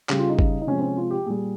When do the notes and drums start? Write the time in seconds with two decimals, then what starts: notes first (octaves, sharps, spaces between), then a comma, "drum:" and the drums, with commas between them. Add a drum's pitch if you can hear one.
0.09 C#3 G3 G4, drum: clap
0.19 F4
0.29 D#4
0.39 drum: kick
0.62 D#4
0.67 C3 F3 G#3 C#4
0.78 C4
0.82 C#4
0.97 F4
1.11 G4
1.26 A#2 G3 G#4